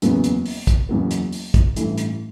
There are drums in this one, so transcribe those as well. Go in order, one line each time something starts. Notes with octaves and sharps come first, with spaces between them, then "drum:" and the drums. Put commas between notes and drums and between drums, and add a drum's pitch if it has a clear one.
F#1 E2 C#3 F#3 B3, drum: hi-hat
drum: hi-hat
drum: open hi-hat
drum: kick, hi-hat
F#1 E2 C#3 F#3 B3
drum: hi-hat
drum: open hi-hat
drum: kick, hi-hat
A1 G2 E3 A3, drum: hi-hat
drum: hi-hat